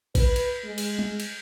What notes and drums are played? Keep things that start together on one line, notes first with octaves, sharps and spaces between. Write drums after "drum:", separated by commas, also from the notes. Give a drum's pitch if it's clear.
B4, drum: kick A1, cymbal
drum: cymbal
G#3
drum: cymbal
drum: tom
drum: cymbal